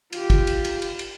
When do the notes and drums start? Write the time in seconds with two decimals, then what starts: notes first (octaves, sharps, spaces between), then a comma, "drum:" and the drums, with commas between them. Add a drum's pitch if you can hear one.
0.13 F4 G4, drum: cymbal
0.30 drum: kick, cymbal
0.47 drum: cymbal
0.64 drum: cymbal
0.82 drum: cymbal
0.99 drum: cymbal